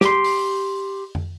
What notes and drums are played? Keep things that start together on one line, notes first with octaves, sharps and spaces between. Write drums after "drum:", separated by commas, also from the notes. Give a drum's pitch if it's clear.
G4 C6, drum: snare
drum: open hi-hat
drum: tom F2